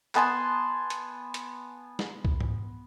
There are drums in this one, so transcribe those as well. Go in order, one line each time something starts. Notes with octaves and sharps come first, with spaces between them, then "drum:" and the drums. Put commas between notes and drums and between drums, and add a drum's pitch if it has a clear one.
B3 G#5 A5 C6, drum: clap
drum: hi-hat
drum: hi-hat
drum: snare
drum: kick C2
drum: tom G#2